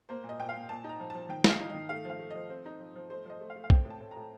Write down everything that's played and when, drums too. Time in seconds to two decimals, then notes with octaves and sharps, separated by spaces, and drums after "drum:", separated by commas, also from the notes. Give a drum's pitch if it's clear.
0.09 A#3 C5
0.24 A#2
0.29 D#5
0.39 A#2 G5
0.49 F5
0.54 A#2
0.69 A#2 A5
0.84 D#4 A#5
1.00 F3
1.10 F3 A5
1.29 D#3 G5
1.44 D#4 F5, drum: snare
1.60 D#4
1.69 D#3 D#5
1.89 A3 F5
2.05 F3
2.10 F5
2.19 A3
2.30 F3 D#5
2.50 C4
2.66 D#4
2.80 F3
2.95 F3
3.10 A3 C5
3.25 F3 D#5
3.41 A3
3.50 F5
3.56 A3
3.64 F5
3.70 C4 G5, drum: kick B1
3.85 A2
3.90 A5
4.00 A2
4.11 A2 A#5